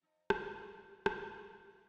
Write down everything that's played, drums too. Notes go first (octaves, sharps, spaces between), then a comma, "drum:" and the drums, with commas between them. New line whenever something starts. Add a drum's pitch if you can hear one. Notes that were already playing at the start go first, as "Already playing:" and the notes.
F2 D#4
F2 B3, drum: rim click
E2 B2 F3
drum: rim click
A#3
E3 G4 A#4